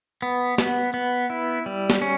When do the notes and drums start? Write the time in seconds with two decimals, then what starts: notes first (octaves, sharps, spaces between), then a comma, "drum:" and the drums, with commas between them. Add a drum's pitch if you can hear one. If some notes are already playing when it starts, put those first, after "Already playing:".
0.22 B3
0.58 B3, drum: snare
0.94 B3
1.30 E4
1.66 G3
1.90 drum: snare
2.02 C#4